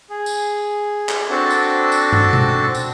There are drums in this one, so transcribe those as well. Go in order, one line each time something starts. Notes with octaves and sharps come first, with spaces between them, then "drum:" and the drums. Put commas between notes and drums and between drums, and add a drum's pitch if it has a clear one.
G#4
drum: tambourine
drum: clap
C4 D4 F#4 A4 A5
drum: tambourine
drum: tambourine
drum: tom
drum: tom B2
drum: tambourine